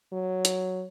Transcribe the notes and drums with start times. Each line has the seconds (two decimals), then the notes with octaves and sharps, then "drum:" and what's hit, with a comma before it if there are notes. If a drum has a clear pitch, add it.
0.13 F#3
0.45 drum: hi-hat